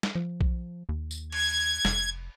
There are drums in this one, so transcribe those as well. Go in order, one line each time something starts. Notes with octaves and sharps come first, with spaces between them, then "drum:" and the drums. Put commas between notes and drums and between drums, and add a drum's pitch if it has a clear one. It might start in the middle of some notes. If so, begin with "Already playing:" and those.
drum: snare
F3
drum: kick B1
D#2
drum: tambourine
G#6, drum: cymbal
F1, drum: snare